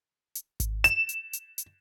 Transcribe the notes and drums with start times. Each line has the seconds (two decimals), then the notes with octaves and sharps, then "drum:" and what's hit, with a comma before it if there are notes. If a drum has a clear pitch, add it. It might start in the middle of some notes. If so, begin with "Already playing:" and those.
0.35 drum: hi-hat
0.60 drum: kick G#1, hi-hat
0.84 E7, drum: hi-hat
1.09 drum: hi-hat
1.33 drum: hi-hat
1.58 drum: hi-hat